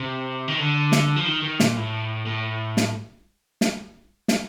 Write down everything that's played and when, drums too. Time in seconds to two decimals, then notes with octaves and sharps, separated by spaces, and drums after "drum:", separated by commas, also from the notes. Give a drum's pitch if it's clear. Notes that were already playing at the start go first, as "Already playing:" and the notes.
Already playing: C3
0.48 D#3
0.58 D3
0.92 drum: snare
1.16 F3
1.25 D#3
1.42 D#3
1.60 A#2, drum: snare
1.77 A2
2.26 A2
2.77 drum: snare
3.61 drum: snare
4.28 drum: snare